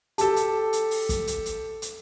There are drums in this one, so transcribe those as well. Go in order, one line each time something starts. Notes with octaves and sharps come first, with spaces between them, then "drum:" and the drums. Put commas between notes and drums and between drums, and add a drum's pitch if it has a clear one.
G4 A4 A5, drum: hi-hat
drum: hi-hat
drum: hi-hat
drum: open hi-hat
drum: kick, hi-hat
drum: hi-hat
drum: hi-hat
drum: hi-hat